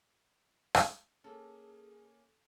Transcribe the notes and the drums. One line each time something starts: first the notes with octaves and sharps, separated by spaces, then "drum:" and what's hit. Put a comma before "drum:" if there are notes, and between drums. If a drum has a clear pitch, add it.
drum: rim click
A#3 C#4 G#4 A4